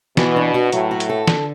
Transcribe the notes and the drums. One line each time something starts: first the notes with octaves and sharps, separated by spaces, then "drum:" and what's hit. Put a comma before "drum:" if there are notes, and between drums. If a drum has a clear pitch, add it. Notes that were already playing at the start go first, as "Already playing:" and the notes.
B2 E3, drum: snare
D4
F#4
A2 F#3, drum: hi-hat
F#4
drum: hi-hat
A4
D3, drum: snare